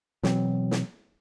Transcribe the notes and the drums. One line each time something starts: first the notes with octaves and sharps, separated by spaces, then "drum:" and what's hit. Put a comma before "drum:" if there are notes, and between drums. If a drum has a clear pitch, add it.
B2 E3 F#3 C4, drum: snare
drum: snare